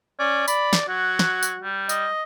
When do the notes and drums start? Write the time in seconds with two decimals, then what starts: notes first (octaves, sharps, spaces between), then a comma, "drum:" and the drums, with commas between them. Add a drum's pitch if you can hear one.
0.19 C#4 D5
0.48 D5 B5, drum: tambourine
0.73 drum: snare
0.89 F#3 F#4
1.19 drum: snare
1.43 drum: tambourine
1.62 G3
1.89 D#5, drum: tambourine